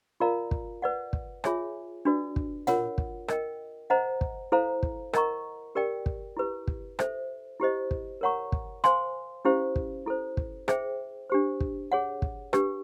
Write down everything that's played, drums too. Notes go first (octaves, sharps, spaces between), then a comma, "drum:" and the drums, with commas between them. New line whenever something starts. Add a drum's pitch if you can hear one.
F4 A#4 D5 F5 A#5
drum: kick
B4 D5 F#5
drum: kick
F4 G#4 C#5 E5 G#5, drum: rim click
D4 F#4 B4 D5
drum: kick
F4 A#4 C#5 F#5, drum: tom
drum: kick
A#4 D#5 G5, drum: rim click
C5 D#5 F#5 A#5
drum: kick
E4 A4 C5 F5 A#5
drum: kick
A#4 D#5 F#5 A#5 C#6, drum: rim click
G4 A#4 D5 G5
drum: kick
E4 G4 B4
drum: kick
A4 C5 E5, drum: rim click
E4 G4 C5 D#5
drum: kick
A#4 C#5 F#5 A#5 C#6
drum: kick
C5 F5 G#5 C6, drum: rim click
C#4 E4 G4 C5 F5
drum: kick
E4 A4 C5
drum: kick
G#4 C5 E5 G5, drum: rim click
D4 G4 C5
drum: kick
G#4 C#5 F#5
drum: kick
D4 G4 B4, drum: rim click